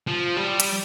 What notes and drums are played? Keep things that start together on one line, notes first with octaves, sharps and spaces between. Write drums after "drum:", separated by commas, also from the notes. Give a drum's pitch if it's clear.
F3
G3
drum: hi-hat